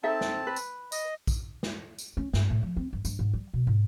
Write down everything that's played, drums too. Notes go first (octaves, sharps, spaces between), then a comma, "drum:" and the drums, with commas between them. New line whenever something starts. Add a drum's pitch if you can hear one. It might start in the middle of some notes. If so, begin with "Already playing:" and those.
C4 D#4 A4 E5 A5
drum: snare
B4
drum: tambourine
D#5, drum: tambourine
drum: kick A#1, tambourine
drum: snare
drum: tambourine
C#4
G2, drum: snare
A2
F3
C4
G2
G2, drum: tambourine
G#2
G3
B2
G#2